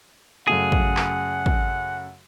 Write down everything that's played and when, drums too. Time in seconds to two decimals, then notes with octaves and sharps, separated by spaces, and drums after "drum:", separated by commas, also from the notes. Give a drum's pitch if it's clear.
0.47 F#2 C#3 A3 G#4 F#5
0.72 drum: kick
0.97 drum: clap
1.46 drum: kick